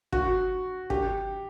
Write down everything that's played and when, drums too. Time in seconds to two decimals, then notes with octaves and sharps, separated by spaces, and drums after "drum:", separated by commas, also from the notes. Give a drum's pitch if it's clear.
0.12 F#4, drum: kick
0.90 G4, drum: kick